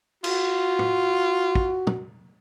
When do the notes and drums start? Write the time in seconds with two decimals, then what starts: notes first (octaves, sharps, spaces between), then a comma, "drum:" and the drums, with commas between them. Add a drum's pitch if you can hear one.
0.24 F4 F#4, drum: cymbal
0.79 drum: tom
1.55 drum: kick
1.87 drum: tom